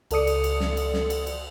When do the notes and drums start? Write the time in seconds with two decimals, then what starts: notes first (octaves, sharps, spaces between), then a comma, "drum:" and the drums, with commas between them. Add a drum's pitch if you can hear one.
0.11 C#2 A4 D5 D#6 C#7, drum: cymbal
0.27 drum: cymbal
0.44 drum: cymbal
0.60 drum: snare
0.77 drum: cymbal
0.94 drum: snare
1.10 drum: cymbal
1.27 drum: cymbal